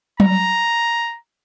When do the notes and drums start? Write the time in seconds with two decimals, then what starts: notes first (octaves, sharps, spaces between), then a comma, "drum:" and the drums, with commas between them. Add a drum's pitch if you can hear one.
0.20 A#5, drum: tom F#3